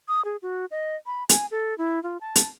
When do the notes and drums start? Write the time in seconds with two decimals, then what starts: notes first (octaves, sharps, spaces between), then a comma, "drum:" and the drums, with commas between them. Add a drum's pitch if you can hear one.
0.08 D#6
0.25 G#4
0.42 F#4
0.71 D#5
1.06 B5
1.29 G#5, drum: hi-hat
1.51 A4
1.78 E4
2.03 F4
2.21 A5
2.36 drum: hi-hat